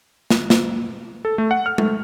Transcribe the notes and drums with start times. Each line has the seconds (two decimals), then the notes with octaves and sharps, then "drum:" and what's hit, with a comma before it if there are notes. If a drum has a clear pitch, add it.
0.30 drum: snare
0.50 drum: snare
1.25 A4
1.38 A3
1.51 F#5
1.66 F6
1.78 A3, drum: tom G#3